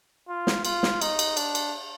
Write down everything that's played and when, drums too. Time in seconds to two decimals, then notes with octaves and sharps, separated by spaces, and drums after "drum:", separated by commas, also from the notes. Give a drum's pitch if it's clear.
0.29 F4
0.47 drum: snare
0.65 F4, drum: cymbal
0.83 drum: snare
1.01 D#4, drum: cymbal
1.19 drum: cymbal
1.37 D4, drum: cymbal
1.55 drum: cymbal